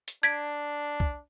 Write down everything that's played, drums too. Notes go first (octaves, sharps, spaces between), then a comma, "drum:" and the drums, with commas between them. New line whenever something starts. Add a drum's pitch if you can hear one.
drum: hi-hat
D4 G#6 B6 D7
drum: kick C2